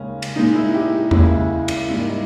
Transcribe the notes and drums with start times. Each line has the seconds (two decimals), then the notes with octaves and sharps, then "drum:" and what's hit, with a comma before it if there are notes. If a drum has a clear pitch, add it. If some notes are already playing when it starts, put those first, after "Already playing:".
Already playing: D#2 C#3 G#3 C#4
0.22 drum: cymbal
0.35 A#2 G#3 D#4
0.55 E4
0.74 G4
1.11 D#2 C#3 G#3 E4, drum: tom E2
1.68 drum: cymbal
1.87 G#2 G3 A#3 E4